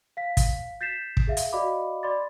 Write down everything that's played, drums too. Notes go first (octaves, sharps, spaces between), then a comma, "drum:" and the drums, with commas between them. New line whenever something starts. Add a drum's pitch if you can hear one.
F5 B6
drum: kick, hi-hat
G6 A6 B6 C7 E7
drum: kick
G#4 E5 F5
drum: hi-hat
F#4 D5 D#5 F5 B5 D6
D5 B5 C6 D6 A6